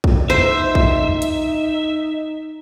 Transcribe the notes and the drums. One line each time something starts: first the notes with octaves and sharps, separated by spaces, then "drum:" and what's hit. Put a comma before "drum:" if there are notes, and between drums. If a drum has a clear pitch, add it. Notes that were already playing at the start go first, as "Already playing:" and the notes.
drum: kick
D#4 C5 E5
drum: kick
drum: hi-hat